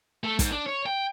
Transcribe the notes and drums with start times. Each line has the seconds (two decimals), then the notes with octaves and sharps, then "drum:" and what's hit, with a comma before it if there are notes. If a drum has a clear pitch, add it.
0.24 A3
0.39 G#2, drum: kick, hi-hat
0.52 D4
0.66 C#5
0.86 G5